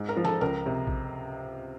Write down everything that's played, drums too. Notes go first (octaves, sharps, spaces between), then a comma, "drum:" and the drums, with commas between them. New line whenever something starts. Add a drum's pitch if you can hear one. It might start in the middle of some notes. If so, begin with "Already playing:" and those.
Already playing: G#2
A#4 A#5
F3
A4 A5, drum: snare
C#2 A#4 A#5
C3
drum: kick A#1